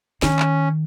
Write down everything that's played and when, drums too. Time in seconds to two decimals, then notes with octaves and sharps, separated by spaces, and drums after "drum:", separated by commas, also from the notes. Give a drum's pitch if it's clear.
0.22 D#3 C#4, drum: snare
0.39 drum: clap